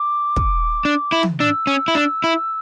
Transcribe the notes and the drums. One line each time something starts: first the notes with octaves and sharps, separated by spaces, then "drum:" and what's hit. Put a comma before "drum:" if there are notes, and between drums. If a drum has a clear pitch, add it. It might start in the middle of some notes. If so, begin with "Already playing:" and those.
Already playing: D6
drum: kick
D4
E4
drum: tom
D4 E6
C#4
E4
D4
E4